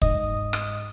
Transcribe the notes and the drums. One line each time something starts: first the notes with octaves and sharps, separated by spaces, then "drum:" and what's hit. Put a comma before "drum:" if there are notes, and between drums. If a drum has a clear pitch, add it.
G#2 D#5 D#6, drum: kick
drum: rim click